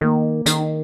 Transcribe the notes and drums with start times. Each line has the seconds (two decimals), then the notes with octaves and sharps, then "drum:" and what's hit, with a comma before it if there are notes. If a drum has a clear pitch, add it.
0.01 D#3 A#3
0.46 D#3, drum: hi-hat